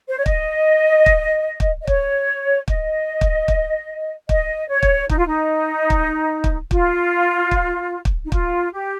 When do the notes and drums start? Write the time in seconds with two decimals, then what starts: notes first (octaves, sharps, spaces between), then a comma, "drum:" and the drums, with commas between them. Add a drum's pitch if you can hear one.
0.08 C5
0.17 C#5
0.26 D#5, drum: kick
1.06 drum: kick
1.60 drum: kick
1.82 D#5
1.87 C#5, drum: kick
2.68 D#5, drum: kick
3.21 drum: kick
3.48 drum: kick
4.29 D#5, drum: kick
4.69 C#5
4.83 drum: kick
5.09 D#4, drum: kick
5.18 F4
5.27 D#4
5.90 drum: kick
6.44 drum: kick
6.71 F4, drum: kick
7.51 drum: kick
8.05 drum: kick
8.25 D#4
8.32 F4, drum: kick
8.72 G4